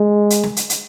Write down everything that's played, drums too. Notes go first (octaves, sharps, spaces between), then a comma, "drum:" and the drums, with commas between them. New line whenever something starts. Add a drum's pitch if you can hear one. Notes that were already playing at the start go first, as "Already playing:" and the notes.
Already playing: G#3
drum: hi-hat
drum: snare
drum: hi-hat
drum: hi-hat